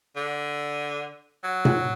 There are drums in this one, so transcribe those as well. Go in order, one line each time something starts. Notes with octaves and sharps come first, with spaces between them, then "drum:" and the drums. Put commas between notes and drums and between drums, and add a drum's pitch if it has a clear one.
D3
F#3
drum: tom A#2